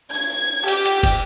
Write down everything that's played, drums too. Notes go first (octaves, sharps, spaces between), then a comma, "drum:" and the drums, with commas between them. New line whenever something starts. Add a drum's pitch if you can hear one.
G#6
G4, drum: cymbal
drum: cymbal
drum: kick, cymbal